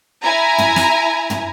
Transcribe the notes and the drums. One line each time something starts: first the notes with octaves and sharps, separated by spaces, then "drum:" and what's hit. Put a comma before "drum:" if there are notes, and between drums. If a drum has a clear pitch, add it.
E4 G#5 A#5
drum: tom
drum: snare
drum: tom